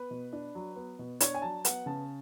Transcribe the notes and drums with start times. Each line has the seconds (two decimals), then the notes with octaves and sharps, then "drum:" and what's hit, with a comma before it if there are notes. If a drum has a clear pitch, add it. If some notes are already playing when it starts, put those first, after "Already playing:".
Already playing: B3 B4
0.11 B2
0.33 D4
0.55 F#3
0.76 B3
0.99 B2
1.20 D4 C#5, drum: hi-hat
1.34 G#5
1.42 F#3 A5
1.65 B3 F#5, drum: hi-hat
1.86 C#3 A5